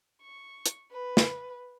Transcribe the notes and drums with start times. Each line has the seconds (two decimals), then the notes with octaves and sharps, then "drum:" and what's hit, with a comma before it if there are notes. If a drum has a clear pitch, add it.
0.23 C#6
0.66 drum: hi-hat
0.91 B4
1.17 drum: snare